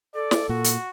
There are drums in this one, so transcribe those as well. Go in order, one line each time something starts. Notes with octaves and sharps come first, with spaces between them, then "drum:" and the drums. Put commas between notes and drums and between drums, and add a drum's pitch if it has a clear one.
A4 D5
drum: snare
A#2 F#4
drum: hi-hat